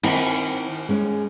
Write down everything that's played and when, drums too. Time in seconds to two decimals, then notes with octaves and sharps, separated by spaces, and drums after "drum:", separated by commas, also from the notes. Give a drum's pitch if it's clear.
0.03 D#3 C4 E4, drum: cymbal
0.89 G#3 C#4